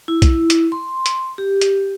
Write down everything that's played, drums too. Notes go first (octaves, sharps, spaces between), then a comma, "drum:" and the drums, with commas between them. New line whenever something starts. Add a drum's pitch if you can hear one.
E4
drum: kick B1, hi-hat
drum: hi-hat
C6
drum: hi-hat
G4
drum: hi-hat